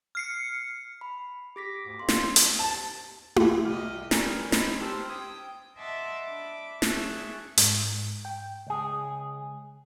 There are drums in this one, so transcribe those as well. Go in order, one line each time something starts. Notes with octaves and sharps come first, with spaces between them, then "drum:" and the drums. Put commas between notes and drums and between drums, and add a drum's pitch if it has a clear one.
F6 C7 C#7
B5
G4 D6 A#6 B6
D2 G#2
F2 A#3 C6
drum: snare
drum: hi-hat
A5
drum: tom E4
C2 G4 D#5 D6 F6
G3 A#4 B4 C#5 G#5 A#5, drum: snare
C4 D#4 B5, drum: snare
G4 C5 A5 E6 F6
G5 D#6 G#6
D#5 E5 F#5 A5 C6 D6
D4 E5 B5 D6
G#4 E5 A5 C#6 F#6, drum: snare
G#2, drum: hi-hat
G5
C#2 G#4